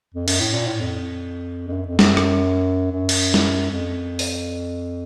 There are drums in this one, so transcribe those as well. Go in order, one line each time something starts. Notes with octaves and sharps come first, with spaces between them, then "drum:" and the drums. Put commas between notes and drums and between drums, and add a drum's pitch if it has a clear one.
F2
F#2, drum: cymbal
A2
A#2
A2
F2
F2
F#2
F2
F#2, drum: snare
drum: rim click
F#2
drum: cymbal
drum: snare
F2
drum: open hi-hat